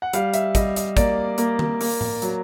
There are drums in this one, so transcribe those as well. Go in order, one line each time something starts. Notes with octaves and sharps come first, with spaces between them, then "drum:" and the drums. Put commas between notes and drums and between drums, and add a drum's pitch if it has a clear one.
F#5
G3 F5, drum: hi-hat
E5, drum: hi-hat
G3 D#5, drum: kick, hi-hat
D#5, drum: hi-hat
A#3 D5, drum: kick, hi-hat
A#3, drum: hi-hat
drum: tom D#3
A#3, drum: open hi-hat
drum: tom A2
F#3, drum: hi-hat